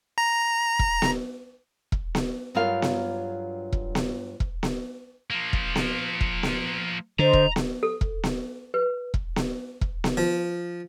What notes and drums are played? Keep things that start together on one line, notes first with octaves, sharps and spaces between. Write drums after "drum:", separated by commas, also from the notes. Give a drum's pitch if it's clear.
A#5
drum: kick E1
drum: snare B3
drum: kick E1
drum: snare B3
G2 F#3 F4 G4 A#4 F5
drum: snare B3
drum: kick E1
drum: snare B3
drum: kick E1
drum: snare B3
F3 A#3
drum: kick E1
drum: snare B3
drum: kick E1
drum: snare B3
D3 C5 D#5 A#5
drum: kick E1
drum: snare B3
A4
drum: kick E1
drum: snare B3
B4
drum: kick E1
drum: snare B3
drum: kick E1
drum: snare B3
F3